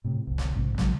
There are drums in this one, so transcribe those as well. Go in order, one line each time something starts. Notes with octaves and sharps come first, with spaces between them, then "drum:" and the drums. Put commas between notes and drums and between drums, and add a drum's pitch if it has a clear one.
A2 C3
F1 C2
drum: snare
A#1 G#2 C3
A#1 C#3 F#3 G#3, drum: snare